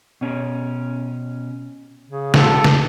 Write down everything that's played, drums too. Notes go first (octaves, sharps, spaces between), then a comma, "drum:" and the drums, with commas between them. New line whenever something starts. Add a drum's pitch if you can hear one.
B2 C#4
C#3
A#2 G#3 F#4 A4, drum: snare
C#2, drum: snare